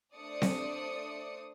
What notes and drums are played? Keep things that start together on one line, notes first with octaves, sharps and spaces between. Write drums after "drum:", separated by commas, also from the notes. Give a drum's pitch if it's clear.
A3 D4 C5 D5 D#6 C#7
drum: snare C4